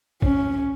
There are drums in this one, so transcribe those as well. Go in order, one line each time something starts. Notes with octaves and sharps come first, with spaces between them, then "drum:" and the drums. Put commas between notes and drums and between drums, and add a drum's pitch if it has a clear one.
C#4, drum: kick